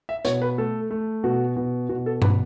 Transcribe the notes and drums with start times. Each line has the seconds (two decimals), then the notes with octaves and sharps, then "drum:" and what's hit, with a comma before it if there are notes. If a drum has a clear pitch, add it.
0.09 E5
0.25 B2 C#5, drum: hi-hat
0.42 B4
0.58 A3 A4
0.91 A3
1.24 B2 F#4
1.56 B2
1.89 B2 F#4
2.06 A4
2.22 B2 B4, drum: tom G2